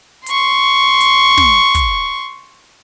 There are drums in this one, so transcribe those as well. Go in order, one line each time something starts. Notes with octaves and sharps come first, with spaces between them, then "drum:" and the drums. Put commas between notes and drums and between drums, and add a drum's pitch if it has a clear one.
C6 C#6, drum: hi-hat
drum: hi-hat
drum: snare
drum: kick, hi-hat